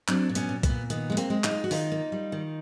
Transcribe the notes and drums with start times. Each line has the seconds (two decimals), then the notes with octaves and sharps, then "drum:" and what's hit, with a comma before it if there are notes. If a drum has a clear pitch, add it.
0.08 F#3 C4 D4, drum: clap
0.29 A#2
0.35 B3 C#4, drum: hi-hat
0.49 A#2
0.63 B3, drum: kick, hi-hat
0.69 A#2
0.90 D#3 B3, drum: hi-hat
1.10 G#3 B3
1.17 A#3 C4, drum: hi-hat
1.30 G#3
1.44 D#4 F4, drum: clap
1.51 G#3
1.64 F#4
1.71 D#3 D#4 F4, drum: open hi-hat
1.92 A#3
2.12 G3
2.32 D#3